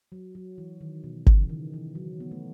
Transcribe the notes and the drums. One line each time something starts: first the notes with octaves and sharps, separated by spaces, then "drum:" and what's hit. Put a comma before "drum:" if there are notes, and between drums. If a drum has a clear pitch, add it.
F#3
F#3
E3
D#3
B2
C#3, drum: kick G1
E3
D#3
E3
F#3
B3
A3